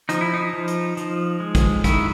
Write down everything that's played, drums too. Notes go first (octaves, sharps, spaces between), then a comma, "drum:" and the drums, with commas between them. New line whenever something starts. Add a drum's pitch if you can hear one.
F3 D#4, drum: hi-hat
E4
D#4
F3
drum: hi-hat
F3, drum: hi-hat
G#3
drum: kick, hi-hat
D#3 E4, drum: kick, hi-hat